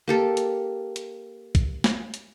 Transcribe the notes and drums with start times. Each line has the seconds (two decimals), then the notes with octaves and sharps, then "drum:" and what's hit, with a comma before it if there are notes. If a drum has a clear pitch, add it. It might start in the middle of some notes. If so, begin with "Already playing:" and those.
0.08 A#3 G4 A4
0.37 drum: hi-hat
0.96 drum: hi-hat
1.55 drum: kick A#1, hi-hat
1.84 drum: snare
2.14 drum: hi-hat